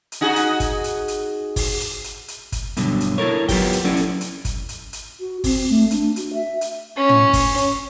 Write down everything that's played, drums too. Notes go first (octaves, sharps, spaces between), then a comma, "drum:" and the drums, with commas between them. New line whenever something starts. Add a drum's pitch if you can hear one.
drum: hi-hat
D#4 F#4 G#4
drum: hi-hat
drum: kick G1, hi-hat
drum: hi-hat
drum: hi-hat
drum: kick G1, open hi-hat
drum: hi-hat
drum: hi-hat
drum: hi-hat
drum: kick G1, hi-hat
G2 B2 D3 F#3, drum: hi-hat
drum: hi-hat
E4 A4 A#4 C#5
F#3 B3 F4 G4 G5, drum: kick G1, open hi-hat
drum: hi-hat
F#3 C#4 E4 A4 D5
drum: hi-hat
drum: hi-hat
drum: kick G1, hi-hat
drum: hi-hat
drum: hi-hat
F#4
C4, drum: kick G1, open hi-hat
A3
D4, drum: hi-hat
F#4, drum: hi-hat
E5
drum: hi-hat
C#4
drum: tom
drum: kick G1, open hi-hat
drum: hi-hat